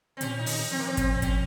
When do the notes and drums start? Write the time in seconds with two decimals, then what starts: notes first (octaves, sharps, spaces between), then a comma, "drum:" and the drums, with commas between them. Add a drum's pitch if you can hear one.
0.17 C4
0.21 A#2 C#4, drum: hi-hat
0.39 D#4
0.46 D#3, drum: open hi-hat
0.71 F3 C4
0.79 A#3
0.87 C4
0.97 C4, drum: kick, hi-hat
1.14 C4
1.22 C#4, drum: kick, hi-hat